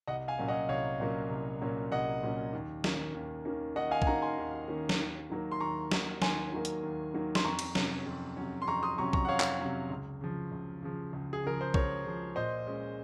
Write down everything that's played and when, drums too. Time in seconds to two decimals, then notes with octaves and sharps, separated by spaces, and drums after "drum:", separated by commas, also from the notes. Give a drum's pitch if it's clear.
0.07 C2 D#5 F#5
0.28 F5 G#5
0.38 A#2 F#3 A#3 C#4
0.48 D#5 F#5
0.69 C2 C#5 F5
1.00 A#2 F#3 A#3 C#4
1.31 C2
1.61 A#2 F#3 A#3 C#4
1.92 C2 D#5 F#5
2.23 A#2 F#3 A#3 C#4
2.53 D#2
2.84 D#3 A#3 C#4, drum: snare
3.15 D#2
3.45 D#3 A#3 C#4
3.76 D#2 D#5 F#5
3.91 F5 G#5
4.02 G#5, drum: kick B1
4.07 D#3 A#3 C#4 F#5 A#5
4.22 G#5 C6
4.38 D#2
4.68 D#3 A#3 C#4
4.89 drum: snare
4.99 D#2
5.30 D#3 F#3 A#3
5.52 C6
5.60 D#2 A#5 C#6
5.91 D#3 F#3 A#3, drum: snare
6.22 D#2 G#5 C6, drum: snare
6.52 D#3 F#3 A#3
6.65 drum: hi-hat
6.83 D#2
7.14 D#3 F#3 A#3
7.35 C6, drum: snare
7.44 F2 A#5 C#6
7.59 drum: cymbal
7.75 C3 F#3 C#4, drum: snare
8.06 F2
8.37 C3 F#3 C#4
8.62 C6
8.67 F2 A#5 C#6
8.83 C6 D#6
8.98 C3 F#3 C#4 A#5 C#6
9.13 A#5 C#6, drum: kick B1
9.25 F#5
9.28 F2 C#5 F5
9.40 drum: clap
9.59 C3 F#3 C#4
9.90 C#2
10.21 C#3 F3
10.52 C#2
10.83 C#3 F3
11.13 C#2
11.33 G#4
11.44 C#3 F3 A#4
11.61 C5
11.74 C#2 A#4 C#5, drum: kick B1
12.05 C#3 F3
12.36 A#2 C5 D#5
12.67 G#3 C#4